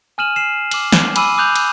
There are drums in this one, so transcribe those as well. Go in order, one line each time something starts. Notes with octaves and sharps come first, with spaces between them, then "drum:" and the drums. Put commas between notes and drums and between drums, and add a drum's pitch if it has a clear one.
G#5 D#6 F6 D#7 E7 F#7
C7 E7
D6 F#7, drum: cymbal
drum: snare
G#5 B5 D6 E6 D#7 F#7, drum: cymbal
D6 D#6 F#6 G6 F7 F#7
drum: cymbal